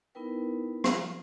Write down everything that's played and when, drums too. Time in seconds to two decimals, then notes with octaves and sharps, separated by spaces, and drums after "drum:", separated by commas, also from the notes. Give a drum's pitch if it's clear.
0.15 B3 D#4 E4 A#4 B4 G5
0.84 drum: rim click